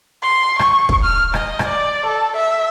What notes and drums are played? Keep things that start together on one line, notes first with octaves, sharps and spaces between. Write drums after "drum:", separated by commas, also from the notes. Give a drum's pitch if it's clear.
C6
C#6, drum: rim click
drum: kick
F6
D#5, drum: rim click
drum: rim click
D5
A4
E5